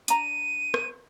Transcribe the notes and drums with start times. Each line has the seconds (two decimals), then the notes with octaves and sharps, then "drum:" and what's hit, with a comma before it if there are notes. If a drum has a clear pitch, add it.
0.08 D4 A#5 D#7, drum: hi-hat
0.74 drum: rim click